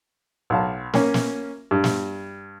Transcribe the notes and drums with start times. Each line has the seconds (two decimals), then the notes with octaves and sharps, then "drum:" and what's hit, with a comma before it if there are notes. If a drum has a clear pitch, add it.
0.50 B1 F5 A5
0.93 A#3 C#4, drum: snare
1.14 drum: snare
1.71 G2
1.84 drum: snare